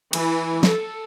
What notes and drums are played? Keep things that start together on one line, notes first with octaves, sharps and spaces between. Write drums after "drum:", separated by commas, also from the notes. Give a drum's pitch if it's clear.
E3, drum: cymbal
A4, drum: snare